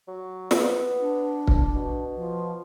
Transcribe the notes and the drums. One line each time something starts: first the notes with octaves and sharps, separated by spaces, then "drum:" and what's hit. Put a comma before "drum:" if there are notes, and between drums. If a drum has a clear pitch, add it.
F#3
B3, drum: snare
D4
drum: kick
B2
F3